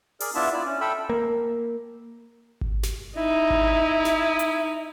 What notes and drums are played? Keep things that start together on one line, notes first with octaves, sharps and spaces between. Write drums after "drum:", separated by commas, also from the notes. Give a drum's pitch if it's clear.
G#4 A#4 D5, drum: open hi-hat
B3 D4 E4 F4 E5 A5
E4 F4 D5
C#4
A4 E5 G5 B5 E6
A#3
drum: kick G#1
drum: snare
D#4 E4
drum: kick G#1
drum: snare
drum: hi-hat